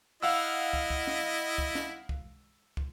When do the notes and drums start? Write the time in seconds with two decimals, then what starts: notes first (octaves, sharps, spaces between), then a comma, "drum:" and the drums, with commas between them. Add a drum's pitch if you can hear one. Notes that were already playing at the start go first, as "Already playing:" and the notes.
0.23 E4 D#5 F5 F#5 E6
0.73 drum: kick
0.90 drum: kick
1.07 drum: snare
1.58 drum: kick
1.75 drum: snare
2.09 drum: kick
2.77 drum: kick